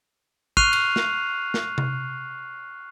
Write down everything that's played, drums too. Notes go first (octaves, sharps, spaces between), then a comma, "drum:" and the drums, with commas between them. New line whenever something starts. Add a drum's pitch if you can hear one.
C#6 F6 F#6 C7 D#7 F7, drum: kick
drum: cymbal
drum: snare
drum: snare
drum: tom C3